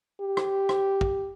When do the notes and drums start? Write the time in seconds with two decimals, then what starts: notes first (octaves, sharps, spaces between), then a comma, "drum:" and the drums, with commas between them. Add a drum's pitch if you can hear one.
0.21 G4
0.37 drum: rim click
0.69 drum: rim click
1.01 drum: kick